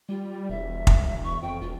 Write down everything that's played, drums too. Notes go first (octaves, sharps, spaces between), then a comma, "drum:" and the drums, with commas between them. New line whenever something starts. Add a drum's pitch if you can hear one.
G3 F4
E1 E5
drum: kick
C#6
F2 G5
E1 F4